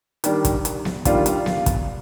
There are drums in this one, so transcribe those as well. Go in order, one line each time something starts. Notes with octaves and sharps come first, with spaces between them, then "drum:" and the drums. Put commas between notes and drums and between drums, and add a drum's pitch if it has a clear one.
D#3 G3 D4, drum: hi-hat
drum: kick, hi-hat
drum: hi-hat
drum: snare B3
D#3 G3 D4 F4, drum: kick, hi-hat
drum: hi-hat
drum: snare B3
drum: kick, hi-hat